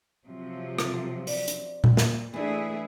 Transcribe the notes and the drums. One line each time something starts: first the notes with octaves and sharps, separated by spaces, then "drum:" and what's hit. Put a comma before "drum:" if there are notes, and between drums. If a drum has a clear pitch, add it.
C3 F3 F#3
F4 A4, drum: rim click
D5, drum: open hi-hat
drum: hi-hat
drum: tom A#2
A#2, drum: snare
E3 A3 D4 E4 G#4